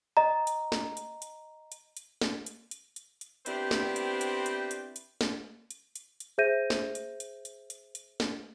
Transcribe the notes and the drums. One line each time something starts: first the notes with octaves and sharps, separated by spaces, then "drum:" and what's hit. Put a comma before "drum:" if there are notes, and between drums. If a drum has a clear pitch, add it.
D#5 A#5
drum: hi-hat
drum: snare
drum: hi-hat
drum: hi-hat
drum: hi-hat
drum: hi-hat
drum: snare
drum: hi-hat
drum: hi-hat
drum: hi-hat
drum: hi-hat
B3 C4 D4 E4 G4 C5, drum: hi-hat
drum: snare
drum: hi-hat
drum: hi-hat
drum: hi-hat
drum: hi-hat
drum: hi-hat
drum: snare
drum: hi-hat
drum: hi-hat
drum: hi-hat
G#4 C5 E5 G6 A#6 D#7
drum: snare
drum: hi-hat
drum: hi-hat
drum: hi-hat
drum: hi-hat
drum: hi-hat
drum: snare